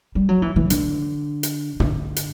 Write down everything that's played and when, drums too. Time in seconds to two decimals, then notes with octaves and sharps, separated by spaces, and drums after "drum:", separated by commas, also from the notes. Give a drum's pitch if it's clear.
0.15 G3
0.29 F#3
0.42 E3
0.56 E3
0.70 D3, drum: hi-hat
1.43 drum: hi-hat
1.80 D3, drum: tom
2.16 drum: hi-hat